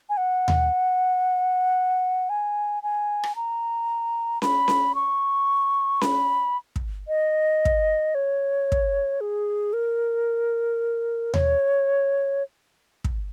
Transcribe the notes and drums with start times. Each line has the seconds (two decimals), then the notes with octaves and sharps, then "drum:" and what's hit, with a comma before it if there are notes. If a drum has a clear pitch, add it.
0.10 G#5
0.17 F#5
0.48 drum: tom D#2
2.29 G#5
2.83 G#5
3.23 drum: rim click
3.36 A#5
4.42 B5, drum: snare C#4
4.68 drum: snare C#4
4.95 C#6
6.01 B5, drum: snare C#4
6.76 drum: kick
7.08 D#5
7.65 drum: kick
8.15 C#5
8.72 drum: kick
9.21 G#4
9.73 A#4
11.34 C#5, drum: tom D#2
13.04 drum: kick